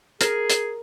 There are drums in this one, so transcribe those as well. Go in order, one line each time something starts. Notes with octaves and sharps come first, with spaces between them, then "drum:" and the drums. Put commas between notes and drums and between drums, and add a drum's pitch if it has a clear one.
G#4 A#4, drum: hi-hat
drum: hi-hat